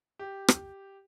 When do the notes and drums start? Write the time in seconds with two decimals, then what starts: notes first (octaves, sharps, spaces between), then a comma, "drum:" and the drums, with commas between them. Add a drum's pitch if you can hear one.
0.19 G4
0.48 drum: rim click